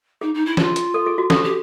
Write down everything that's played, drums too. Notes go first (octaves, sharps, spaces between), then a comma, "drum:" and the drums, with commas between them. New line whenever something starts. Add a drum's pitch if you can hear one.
D#4 G#4
D#4
E4
F4, drum: snare
drum: hi-hat
A4
G#4
F#4
F#4 A4, drum: snare
G4